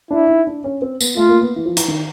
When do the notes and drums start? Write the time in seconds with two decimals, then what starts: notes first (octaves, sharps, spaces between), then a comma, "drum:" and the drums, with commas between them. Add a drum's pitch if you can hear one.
0.11 D4 E4
0.29 D#4
0.47 D4
0.64 C#4
0.82 C4
1.01 B3, drum: tambourine
1.17 A3 F4
1.29 A#3
1.41 B3
1.56 E3
1.66 F3
1.77 E3, drum: hi-hat
1.88 D#3